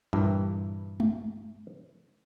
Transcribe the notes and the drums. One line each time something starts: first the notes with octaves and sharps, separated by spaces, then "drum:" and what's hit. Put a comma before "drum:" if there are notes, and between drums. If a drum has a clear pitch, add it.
G2 A#2 E3
drum: tom G#3